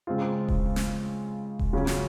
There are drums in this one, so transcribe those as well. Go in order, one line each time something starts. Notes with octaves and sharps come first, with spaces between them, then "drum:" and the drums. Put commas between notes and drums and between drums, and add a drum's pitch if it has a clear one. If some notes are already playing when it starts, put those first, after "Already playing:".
C#3 G#3 C4 F4
drum: kick D#1
drum: snare
drum: kick D#1
C#3 F#3 C#4 F4
drum: snare